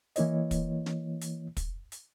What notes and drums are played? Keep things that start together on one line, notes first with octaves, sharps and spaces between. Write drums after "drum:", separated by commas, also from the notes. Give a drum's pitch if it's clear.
E3 A#3 E4 C#5 D#5, drum: hi-hat
drum: kick, hi-hat
drum: snare
drum: hi-hat
drum: kick, hi-hat
drum: hi-hat